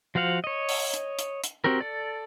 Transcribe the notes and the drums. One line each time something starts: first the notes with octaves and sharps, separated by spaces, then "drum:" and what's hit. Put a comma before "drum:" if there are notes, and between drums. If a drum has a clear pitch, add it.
F3 F#4 C5 F5 F#5
C#5 D#5
drum: open hi-hat
drum: hi-hat
drum: hi-hat
drum: hi-hat
C4 F#4 G4 A#4
A4 D5